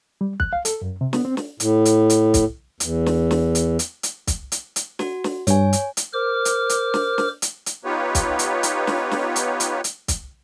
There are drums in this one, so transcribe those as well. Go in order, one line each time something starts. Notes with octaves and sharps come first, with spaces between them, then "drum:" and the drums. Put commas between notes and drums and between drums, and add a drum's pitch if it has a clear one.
G3
F#6, drum: kick
F5
A4, drum: hi-hat
F#2
C3
B3, drum: snare
C4
drum: snare
A2, drum: hi-hat
drum: hi-hat
drum: hi-hat
drum: kick, hi-hat
E2, drum: hi-hat
drum: snare
drum: snare
drum: hi-hat
drum: hi-hat
drum: hi-hat
drum: kick, hi-hat
drum: hi-hat
drum: hi-hat
F#4, drum: snare
drum: snare
G2 C#5 G#5, drum: hi-hat
drum: hi-hat
drum: hi-hat
A#4 C5 D6 F6
drum: hi-hat
drum: hi-hat
drum: snare
drum: snare
drum: hi-hat
drum: hi-hat
B3 D#4 F4 G4 B4 C#5
drum: kick, hi-hat
drum: hi-hat
drum: hi-hat
drum: snare
drum: snare
drum: hi-hat
drum: hi-hat
drum: hi-hat
drum: kick, hi-hat